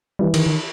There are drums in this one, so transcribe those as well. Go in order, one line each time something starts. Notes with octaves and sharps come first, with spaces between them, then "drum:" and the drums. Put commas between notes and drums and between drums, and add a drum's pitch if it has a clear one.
E3 G3
D#3, drum: cymbal
D#3